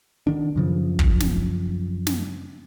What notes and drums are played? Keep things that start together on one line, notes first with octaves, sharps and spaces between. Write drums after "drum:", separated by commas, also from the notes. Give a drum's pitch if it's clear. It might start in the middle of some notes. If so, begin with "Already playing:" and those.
D#3 D4
F#2 C#3 F3
drum: kick
drum: snare
drum: snare